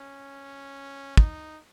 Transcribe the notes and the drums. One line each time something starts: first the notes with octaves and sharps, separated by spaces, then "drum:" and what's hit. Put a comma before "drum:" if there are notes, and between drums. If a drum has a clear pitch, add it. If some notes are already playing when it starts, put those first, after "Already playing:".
Already playing: C#4
D#4, drum: kick